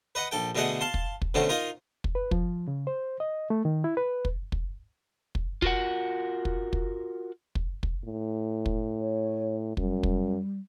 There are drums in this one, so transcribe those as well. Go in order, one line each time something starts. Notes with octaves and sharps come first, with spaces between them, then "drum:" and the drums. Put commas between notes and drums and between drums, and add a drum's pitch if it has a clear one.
B4 D#5 F#5
A#1 A4 G5
B2 D3 A3 G#4 D#5 F#5
F5 A5 C6
drum: kick
drum: kick
B2 D3 A3 C4 C#4
D#4 F4 A#4 D#5 F5
drum: kick
B4
F3, drum: kick
C#3
C5
D#5
A3
D#3
E4
B4
drum: kick
drum: kick
drum: kick
F4 F#4 A#4 F#5, drum: kick
drum: kick
drum: kick
drum: kick
drum: kick
A2
drum: kick
C#5
F#2 G3, drum: kick
drum: kick